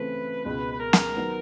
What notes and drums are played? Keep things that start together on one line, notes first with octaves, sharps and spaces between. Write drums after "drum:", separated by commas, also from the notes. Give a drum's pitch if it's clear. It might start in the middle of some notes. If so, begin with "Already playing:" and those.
Already playing: C#3 E3 A3 C4 B4
C#2 B2 G#3 B4
B4
A#4
drum: snare
D#3 F#3 B3